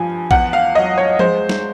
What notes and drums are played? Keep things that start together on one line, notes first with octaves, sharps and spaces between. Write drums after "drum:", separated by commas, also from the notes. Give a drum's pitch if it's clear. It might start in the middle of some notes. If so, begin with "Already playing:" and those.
Already playing: G2 F3 G#5
E2 F#5, drum: kick A#1
F5
F#3 D#5
C#5
G#3 C5, drum: tom F3
drum: snare